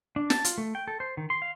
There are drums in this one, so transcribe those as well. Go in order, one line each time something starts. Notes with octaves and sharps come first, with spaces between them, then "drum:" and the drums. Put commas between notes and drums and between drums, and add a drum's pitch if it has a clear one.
D4
A5, drum: snare
F4, drum: hi-hat
A3
G5
A4
C5
D#3
C6
F5